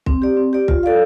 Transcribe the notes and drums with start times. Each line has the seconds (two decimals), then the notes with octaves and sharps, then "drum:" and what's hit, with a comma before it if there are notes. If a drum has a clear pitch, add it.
0.06 C4, drum: kick
0.22 G4 D5
0.37 C4
0.53 G4 D5
0.68 F4, drum: kick
0.83 A4 D5 F5